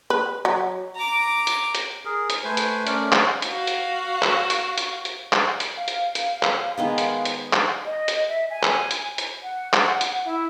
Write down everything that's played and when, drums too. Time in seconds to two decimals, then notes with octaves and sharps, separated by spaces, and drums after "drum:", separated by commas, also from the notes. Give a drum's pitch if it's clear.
0.10 B4
0.45 F#3
0.95 A#5 D6
1.47 drum: hi-hat
1.75 drum: hi-hat
2.05 G#4 A#4
2.30 drum: hi-hat
2.44 A3 B4 C5 G#5
2.57 drum: hi-hat
2.87 A3 C#4 A#4 D5, drum: hi-hat
3.12 drum: clap
3.42 F#4 F5, drum: hi-hat
3.67 drum: hi-hat
4.22 drum: clap
4.50 drum: hi-hat
4.78 drum: hi-hat
5.05 drum: hi-hat
5.33 drum: clap
5.60 drum: hi-hat
5.77 F5
5.88 drum: hi-hat
6.15 drum: hi-hat
6.43 drum: clap
6.77 D#3 G#3 B3
6.98 drum: hi-hat
7.25 drum: hi-hat
7.53 drum: clap
7.84 D#5
8.08 drum: hi-hat
8.28 E5
8.49 G#5
8.63 drum: clap
8.91 drum: hi-hat
9.18 drum: hi-hat
9.42 F#5
9.73 drum: clap
10.01 drum: hi-hat
10.24 E4